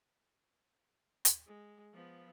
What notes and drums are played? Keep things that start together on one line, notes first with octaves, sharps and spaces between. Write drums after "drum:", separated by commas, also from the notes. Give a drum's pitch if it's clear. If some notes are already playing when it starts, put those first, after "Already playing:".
drum: hi-hat
G#3
F3 B3